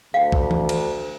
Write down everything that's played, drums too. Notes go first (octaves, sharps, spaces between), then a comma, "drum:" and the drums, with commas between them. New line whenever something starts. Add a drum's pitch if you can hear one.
D2 F5 G5
drum: kick
drum: tom E3
drum: cymbal